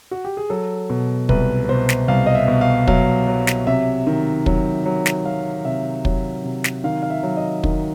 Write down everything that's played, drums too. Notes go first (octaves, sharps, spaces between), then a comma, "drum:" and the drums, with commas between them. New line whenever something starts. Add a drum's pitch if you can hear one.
F#4
G4
G#4
F#3 A4
B2
C2 B4, drum: kick
B4
B2 C5
drum: snare
C2 F5
D#5
E5
B2
F5
F#3 F5, drum: kick
F#3
drum: snare
C3 E5
D#3
F#3, drum: kick
F#3
drum: snare
F#3 F5
C3 E5
F#3, drum: kick
C3
drum: snare
D#3 F5
F5
E5
F#3
D#5
D#3, drum: kick